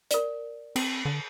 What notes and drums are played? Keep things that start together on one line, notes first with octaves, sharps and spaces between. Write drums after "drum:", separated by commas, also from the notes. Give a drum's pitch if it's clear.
A#4 D5, drum: hi-hat
C4, drum: cymbal
D3